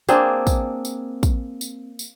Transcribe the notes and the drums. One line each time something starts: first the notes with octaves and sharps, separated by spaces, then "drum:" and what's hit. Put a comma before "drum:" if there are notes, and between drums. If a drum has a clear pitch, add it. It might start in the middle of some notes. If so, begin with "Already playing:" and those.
A#3 C4 D4 G#4, drum: tambourine
drum: kick, tambourine
drum: tambourine
drum: kick, tambourine
drum: tambourine
drum: tambourine